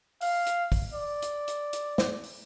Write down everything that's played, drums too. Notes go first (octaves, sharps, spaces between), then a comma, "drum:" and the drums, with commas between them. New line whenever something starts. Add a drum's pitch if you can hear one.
F5, drum: open hi-hat
drum: hi-hat
drum: kick, open hi-hat
D5
drum: hi-hat
drum: hi-hat
drum: hi-hat
drum: snare
drum: open hi-hat